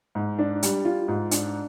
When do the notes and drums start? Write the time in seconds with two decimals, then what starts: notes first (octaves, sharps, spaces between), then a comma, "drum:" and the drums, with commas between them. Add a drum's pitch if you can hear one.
0.15 G#2
0.39 D4
0.63 G3, drum: hi-hat
0.85 F4
1.08 G#2
1.31 D4, drum: hi-hat